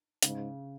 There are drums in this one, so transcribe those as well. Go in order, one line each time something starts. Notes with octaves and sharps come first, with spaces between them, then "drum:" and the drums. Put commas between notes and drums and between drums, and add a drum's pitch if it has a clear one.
G#2 C#3, drum: hi-hat